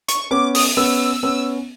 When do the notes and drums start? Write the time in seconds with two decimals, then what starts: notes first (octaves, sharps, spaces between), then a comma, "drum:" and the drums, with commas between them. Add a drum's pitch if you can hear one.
0.08 C#6, drum: hi-hat
0.31 B3 C#4 D6
0.55 D#6, drum: open hi-hat
0.77 B3 C#4 E6
1.23 B3 C#4